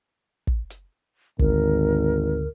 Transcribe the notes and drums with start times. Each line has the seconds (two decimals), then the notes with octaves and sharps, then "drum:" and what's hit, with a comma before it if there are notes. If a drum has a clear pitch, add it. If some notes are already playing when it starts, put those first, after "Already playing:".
0.47 drum: kick
0.70 drum: hi-hat
1.39 G#1 D2 A#4, drum: kick